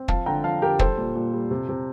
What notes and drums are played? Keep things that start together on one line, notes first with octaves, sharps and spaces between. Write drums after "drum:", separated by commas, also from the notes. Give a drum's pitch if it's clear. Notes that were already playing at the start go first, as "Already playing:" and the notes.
Already playing: C4
F3 F5 A5, drum: kick
D3 G5 A#5
F3 F5 A5
D3 G4 A#4
G3 A4 C5, drum: kick
A#2
A#2
G3
C3
C3